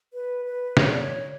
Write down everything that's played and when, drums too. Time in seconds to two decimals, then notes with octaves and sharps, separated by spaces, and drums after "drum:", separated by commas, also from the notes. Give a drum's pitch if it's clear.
0.13 B4
0.45 B4
0.77 C#5, drum: snare
0.90 D5
1.01 C#5